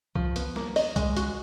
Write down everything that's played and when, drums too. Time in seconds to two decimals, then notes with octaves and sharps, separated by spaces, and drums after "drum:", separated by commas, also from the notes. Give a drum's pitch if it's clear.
0.15 F3, drum: kick C2
0.36 B3, drum: hi-hat
0.56 A#3, drum: snare
0.76 D#5, drum: open hi-hat
0.96 G#3, drum: kick C2, hi-hat
1.16 F#4, drum: hi-hat